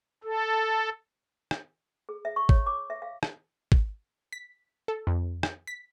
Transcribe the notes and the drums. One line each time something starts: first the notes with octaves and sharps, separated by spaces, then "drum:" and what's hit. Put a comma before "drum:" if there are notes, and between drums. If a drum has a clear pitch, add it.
A4
drum: rim click
G#4
E5
C#6
C#5, drum: kick G#1
D6
E5
F5
drum: rim click
drum: kick G#1
B6
A4
F2
drum: rim click
B6